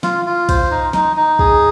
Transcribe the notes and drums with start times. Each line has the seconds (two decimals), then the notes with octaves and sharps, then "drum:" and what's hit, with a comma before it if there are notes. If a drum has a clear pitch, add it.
0.03 F4, drum: snare
0.26 F4
0.49 C5, drum: kick, cymbal
0.71 D#4
0.93 D#4, drum: snare
1.16 D#4
1.39 G#4, drum: kick